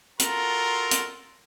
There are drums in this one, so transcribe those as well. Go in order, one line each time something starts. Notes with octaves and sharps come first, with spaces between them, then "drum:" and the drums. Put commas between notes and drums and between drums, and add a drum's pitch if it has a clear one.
F4 F#4 A4 A#4 A#5 C6, drum: hi-hat
drum: hi-hat